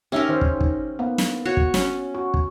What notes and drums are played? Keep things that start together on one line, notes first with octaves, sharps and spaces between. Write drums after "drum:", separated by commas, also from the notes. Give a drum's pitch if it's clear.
C#4 D#4 G4 A#4 E5
D#3 C5
drum: kick
drum: kick
A#3 B3
drum: snare
F#4 C#5
drum: kick
C#4, drum: snare
F#4
drum: kick